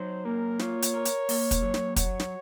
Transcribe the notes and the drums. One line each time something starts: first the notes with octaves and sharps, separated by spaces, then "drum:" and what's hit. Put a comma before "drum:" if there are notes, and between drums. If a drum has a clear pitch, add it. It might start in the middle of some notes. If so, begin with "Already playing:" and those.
Already playing: F#3 D#4 C5
A#3 A#4
F4 C#5, drum: snare
drum: hi-hat
A#4
drum: hi-hat
A#3, drum: open hi-hat
drum: kick, hi-hat
F#3
drum: snare
F#4 C#5, drum: kick, hi-hat
drum: snare